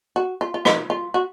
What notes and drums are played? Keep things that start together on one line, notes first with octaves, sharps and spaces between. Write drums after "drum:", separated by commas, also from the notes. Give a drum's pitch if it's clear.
F#4
F4
F4
D#4, drum: rim click
F4
F#4